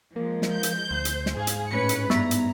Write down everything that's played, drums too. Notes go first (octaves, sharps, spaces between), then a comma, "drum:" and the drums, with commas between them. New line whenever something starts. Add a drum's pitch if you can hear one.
F3 G#3 A#3
drum: snare
G6
drum: hi-hat
D2 C5
drum: hi-hat
drum: snare
G#2 G#4 F5
drum: hi-hat
A2 C#4 B4 C#7
drum: hi-hat
G2 B3 A#5 B6, drum: snare
drum: hi-hat